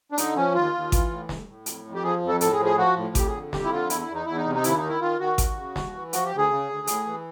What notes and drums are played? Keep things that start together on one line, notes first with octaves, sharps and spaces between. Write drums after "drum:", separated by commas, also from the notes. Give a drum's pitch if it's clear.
D4
D3 D#4, drum: hi-hat
F3 C#4
D#2 F4
D#2
E3, drum: kick G#1, hi-hat
A2
A2, drum: snare
A2
F2, drum: hi-hat
F2
G4
F3 G#4
F2
A4
A2 A4, drum: hi-hat
G#4
F3
G#4
F3 F#4
A2
F2 G4, drum: kick G#1, hi-hat
G#4
D3
F2 G4, drum: snare
E4
D3 F4
E2 E4, drum: hi-hat
E4
E2
D#4
E2 E4
D#4
C3
D#4
D#2 E4, drum: hi-hat
D#4
D#3
E4
D#3 F4
D#3 F#4
D#2, drum: kick G#1, hi-hat
C#3
D#2, drum: snare
E3
F3 F#4, drum: hi-hat
G4
D2
G#4
C#3
D2
A2, drum: hi-hat
E3